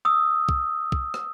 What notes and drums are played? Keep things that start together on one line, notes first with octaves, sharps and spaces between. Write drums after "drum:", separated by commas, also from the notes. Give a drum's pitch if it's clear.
D#6 E6
drum: kick
drum: kick
drum: rim click